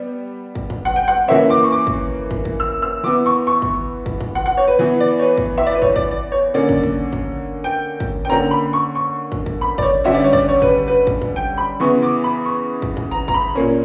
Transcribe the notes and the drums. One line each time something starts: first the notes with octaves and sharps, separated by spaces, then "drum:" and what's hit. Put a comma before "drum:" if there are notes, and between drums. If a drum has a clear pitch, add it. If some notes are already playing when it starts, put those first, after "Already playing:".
Already playing: G3 B3
drum: kick
drum: kick
F#5
G5
F#5
E3 A#3 C#4 E5
D6
C#6
D6
drum: kick
drum: kick
drum: kick
E6
E6
E3 B3 D6
C#6
C#6
drum: kick
drum: kick
drum: kick
F#5
F#5
C#5
B4
E3 B3
D5
C#5
B4
drum: kick
E5
D5
B4
C#5, drum: kick
D5, drum: kick
D5
C#5
D3 A#3 C#4 D5
drum: kick
drum: kick
drum: kick
G5
drum: kick
G5
D3 A#3 C#4 A#5
B5
C#6
C#6
drum: kick
drum: kick
B5
D5, drum: kick
C#5
D3 G3 C#4 E5
D5
C#5
D5, drum: kick
C#5
B4, drum: kick
B4
drum: kick
drum: kick
G5
B5
C#3 E3 B3 C#6
D6
B5
C#6
drum: kick
drum: kick
A#5
A#5, drum: kick
B5
A#2 A#3 C#4